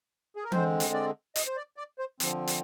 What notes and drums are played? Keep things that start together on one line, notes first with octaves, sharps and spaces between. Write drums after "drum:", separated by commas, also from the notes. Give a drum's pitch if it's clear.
G#4
A#4
D3 G#3 C4 C5, drum: tom E3
drum: hi-hat
D5
D#5, drum: hi-hat
C5
D5
D5
C5
D3 F3 C4, drum: hi-hat
drum: hi-hat